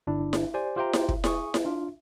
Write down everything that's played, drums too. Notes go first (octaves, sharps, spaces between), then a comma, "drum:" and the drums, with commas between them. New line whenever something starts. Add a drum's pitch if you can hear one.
G1 D4 E4
drum: snare E4
G4 C5 D5 G#5
F4 G4 C5 E5 G5 A#5
drum: snare E4
drum: kick
G#4 G#5 C#6 D#6, drum: snare E4
drum: snare E4
D4 F4